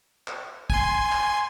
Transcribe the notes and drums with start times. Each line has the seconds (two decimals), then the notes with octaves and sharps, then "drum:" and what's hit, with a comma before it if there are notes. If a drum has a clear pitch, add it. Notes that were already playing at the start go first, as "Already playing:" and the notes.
0.27 drum: clap
0.70 G#5 C6, drum: kick
1.12 drum: clap